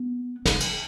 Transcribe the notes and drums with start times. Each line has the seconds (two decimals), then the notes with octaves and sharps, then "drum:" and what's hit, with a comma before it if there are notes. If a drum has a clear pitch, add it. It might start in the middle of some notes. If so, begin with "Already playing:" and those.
Already playing: B3
0.46 C#4, drum: snare
0.60 drum: cymbal